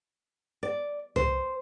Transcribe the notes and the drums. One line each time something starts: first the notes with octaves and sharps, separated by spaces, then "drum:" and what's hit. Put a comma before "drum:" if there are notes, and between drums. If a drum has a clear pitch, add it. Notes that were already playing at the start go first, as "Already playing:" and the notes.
D5
C5, drum: tom C2